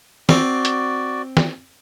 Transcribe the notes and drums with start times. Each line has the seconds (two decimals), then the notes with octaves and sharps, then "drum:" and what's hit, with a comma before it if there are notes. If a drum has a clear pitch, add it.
0.29 C4 F#4 D5, drum: snare
0.65 drum: hi-hat
1.37 drum: snare